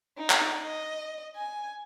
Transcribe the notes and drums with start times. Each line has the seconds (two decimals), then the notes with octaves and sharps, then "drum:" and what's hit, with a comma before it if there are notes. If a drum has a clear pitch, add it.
0.18 D#4
0.30 drum: clap
0.61 D#5
1.35 G#5